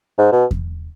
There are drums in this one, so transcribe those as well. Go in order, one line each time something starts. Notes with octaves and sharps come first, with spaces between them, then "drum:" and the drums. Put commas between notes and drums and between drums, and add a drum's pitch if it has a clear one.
G#2
B2
drum: kick E2